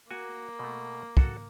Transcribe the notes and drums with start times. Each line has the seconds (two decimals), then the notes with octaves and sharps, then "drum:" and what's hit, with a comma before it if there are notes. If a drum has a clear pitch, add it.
0.11 A#3 F#4 G#5
0.59 B2 A3
1.17 F#4 A4, drum: kick